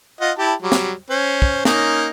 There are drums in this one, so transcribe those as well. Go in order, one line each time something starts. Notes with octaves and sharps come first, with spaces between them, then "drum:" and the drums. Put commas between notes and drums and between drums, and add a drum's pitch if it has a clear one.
F4 D#5 F#5
E4 G4 A5
F#3 G3
drum: snare
C#4 C5
drum: kick
A#3 C#4 D#4, drum: snare